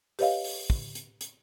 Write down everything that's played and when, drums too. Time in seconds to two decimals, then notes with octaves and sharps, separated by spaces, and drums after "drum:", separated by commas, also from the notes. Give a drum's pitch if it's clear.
0.19 G4 B4 C#5 D#5 F5, drum: open hi-hat
0.44 drum: open hi-hat
0.70 drum: kick
0.95 drum: hi-hat
1.21 drum: hi-hat